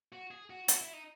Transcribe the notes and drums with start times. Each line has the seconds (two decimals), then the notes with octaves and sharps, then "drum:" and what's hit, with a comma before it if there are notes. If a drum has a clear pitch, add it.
0.12 F#4
0.31 G#4
0.50 F#4
0.68 F#4, drum: hi-hat
0.81 E4
0.93 D#4